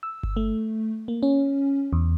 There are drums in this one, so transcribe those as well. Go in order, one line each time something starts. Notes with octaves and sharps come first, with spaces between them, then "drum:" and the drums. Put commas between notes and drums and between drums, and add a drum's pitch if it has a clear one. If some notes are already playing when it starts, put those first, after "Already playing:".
E6
drum: kick G1
A3
A#3
C#4
E2